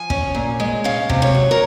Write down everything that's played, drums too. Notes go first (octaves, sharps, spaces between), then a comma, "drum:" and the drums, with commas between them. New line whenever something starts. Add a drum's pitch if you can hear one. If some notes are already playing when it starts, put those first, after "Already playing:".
Already playing: F3 G#5
C#4, drum: kick
A#2
G#3
C#4 F5
C3, drum: kick
C#5
F#3
A#4